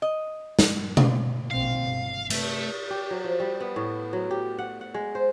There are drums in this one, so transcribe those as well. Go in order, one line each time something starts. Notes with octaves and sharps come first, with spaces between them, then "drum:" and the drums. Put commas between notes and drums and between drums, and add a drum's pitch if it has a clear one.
D#5
drum: snare
drum: tom B2
A#1 C4 F5
G1
C3 A3, drum: cymbal
G4
F#3
F3
G3
B3
A2
F#3
G4
F#5
F#5
G#3
C5